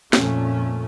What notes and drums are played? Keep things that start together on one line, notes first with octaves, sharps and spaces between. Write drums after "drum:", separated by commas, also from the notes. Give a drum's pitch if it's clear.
F2 A#2 A3 C#4, drum: snare